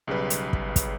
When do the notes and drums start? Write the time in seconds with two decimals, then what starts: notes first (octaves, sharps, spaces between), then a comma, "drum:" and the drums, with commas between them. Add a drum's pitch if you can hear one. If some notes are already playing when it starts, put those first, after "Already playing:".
0.07 B1 C#3 G3 B4
0.30 drum: hi-hat
0.53 drum: kick
0.76 drum: kick, hi-hat